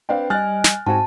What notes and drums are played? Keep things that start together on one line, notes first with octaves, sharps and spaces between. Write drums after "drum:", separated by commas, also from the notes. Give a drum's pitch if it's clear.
C4 D4 B4 F5 G5
G3 D#5 G#5 F6 F#6 A6
drum: snare
G#2 C4 F#4 G#5 A5